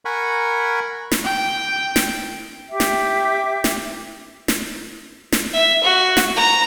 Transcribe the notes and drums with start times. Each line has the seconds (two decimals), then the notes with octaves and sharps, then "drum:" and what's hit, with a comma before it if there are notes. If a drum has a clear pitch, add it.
0.05 A#4 F#5 G#5 B5 C#6
1.11 drum: snare
1.25 G5
1.96 drum: snare
2.71 G4 E5 G5 D6
2.80 drum: snare
3.64 drum: snare
4.48 drum: snare
5.32 drum: snare
5.53 E5
5.83 F#4
6.17 drum: snare
6.36 A#5